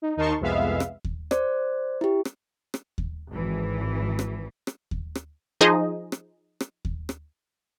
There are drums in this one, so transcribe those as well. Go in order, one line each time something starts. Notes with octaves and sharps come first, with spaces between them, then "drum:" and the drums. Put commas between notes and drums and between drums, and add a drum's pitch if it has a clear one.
D#4
D#2 D#4 A#4 A5 C6 C#6
C2 F2 G#3 B3 E5 F5
drum: rim click
drum: kick D#2
C5 D5, drum: rim click
E4 G4
drum: rim click
drum: rim click
drum: kick D#2
G#1 E3
drum: rim click
drum: rim click
drum: kick D#2
drum: rim click
F3 D#4 G#4 C5 D#5
drum: rim click
drum: rim click
drum: kick D#2
drum: rim click